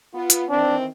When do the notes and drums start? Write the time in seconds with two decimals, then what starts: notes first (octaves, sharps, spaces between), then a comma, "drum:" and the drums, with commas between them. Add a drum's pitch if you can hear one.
0.14 B3 F4
0.30 drum: hi-hat
0.50 D#3 E3 C4 D4